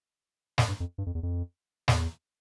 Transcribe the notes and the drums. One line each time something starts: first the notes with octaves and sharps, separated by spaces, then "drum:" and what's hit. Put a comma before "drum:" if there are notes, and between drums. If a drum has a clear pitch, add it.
F2, drum: snare
G2
F2
G2
F2
E2
F2
E2, drum: snare